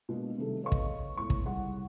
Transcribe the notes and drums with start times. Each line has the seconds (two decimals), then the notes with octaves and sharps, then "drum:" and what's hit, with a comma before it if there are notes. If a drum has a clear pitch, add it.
0.09 B2 G#3 A#3 B3 D4
0.38 C3 D#3 G3 A3 G#4 A4
0.62 A4 B4 C#5 D#5 F5 C#6
0.72 drum: kick
1.17 E1 A2 B3 C#6
1.30 drum: kick
1.44 C2 G#4 F#5 C#6